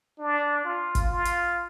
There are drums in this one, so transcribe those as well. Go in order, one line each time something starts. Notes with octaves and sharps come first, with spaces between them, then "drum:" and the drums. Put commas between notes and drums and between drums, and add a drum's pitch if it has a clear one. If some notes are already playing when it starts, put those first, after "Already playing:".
D4
F4
drum: kick, hi-hat
F4
drum: hi-hat